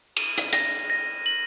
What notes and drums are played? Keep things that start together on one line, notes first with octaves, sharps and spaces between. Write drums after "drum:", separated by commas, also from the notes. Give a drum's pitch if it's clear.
D#7, drum: cymbal
drum: hi-hat
A#6, drum: hi-hat
A#6
F#7